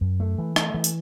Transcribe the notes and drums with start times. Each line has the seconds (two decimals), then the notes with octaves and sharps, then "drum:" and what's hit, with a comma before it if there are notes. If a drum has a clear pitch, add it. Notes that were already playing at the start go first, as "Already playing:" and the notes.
0.01 F#2
0.20 A3
0.38 E3
0.56 A3, drum: rim click
0.74 E3
0.84 drum: tambourine